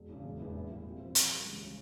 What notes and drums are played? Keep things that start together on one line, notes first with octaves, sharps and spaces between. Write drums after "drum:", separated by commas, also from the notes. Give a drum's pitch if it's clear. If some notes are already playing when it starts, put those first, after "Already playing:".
Already playing: E1
E2 C#3
E1
E2 E3 G#3 E4
A#1
A#2 G3 A#3 E4
C3
F3 C4
C3, drum: hi-hat
E3 G3
C#2
C#3 G3 C#4